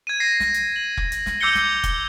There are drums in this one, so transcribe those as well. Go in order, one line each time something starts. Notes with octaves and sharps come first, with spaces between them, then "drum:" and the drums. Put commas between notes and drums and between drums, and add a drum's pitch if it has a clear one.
G#6 D#7
A#6 C7
drum: snare
drum: hi-hat
F#7
drum: kick F1
drum: hi-hat
drum: snare
D6 E6 G6 C7 C#7 G7
drum: snare
drum: kick F1, hi-hat